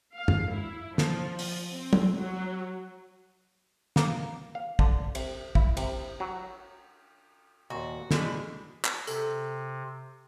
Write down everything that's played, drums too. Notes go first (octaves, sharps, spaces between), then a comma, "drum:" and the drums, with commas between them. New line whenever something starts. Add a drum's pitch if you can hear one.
F5
drum: tom F#2
E4
F3, drum: snare
drum: open hi-hat
C4
drum: tom
F#3
A#3, drum: snare
F5
D3, drum: kick
C3, drum: cymbal
E4, drum: kick
C3, drum: cymbal
F#3
D#2 A#2 F#4
D3 E3 G3 G#3 B5, drum: snare
drum: clap
C3 A4, drum: tambourine